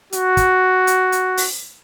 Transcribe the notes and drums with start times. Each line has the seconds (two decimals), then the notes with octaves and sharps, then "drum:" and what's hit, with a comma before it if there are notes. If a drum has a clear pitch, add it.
0.12 F#4, drum: hi-hat
0.37 drum: kick, hi-hat
0.87 drum: hi-hat
1.12 drum: hi-hat
1.37 drum: open hi-hat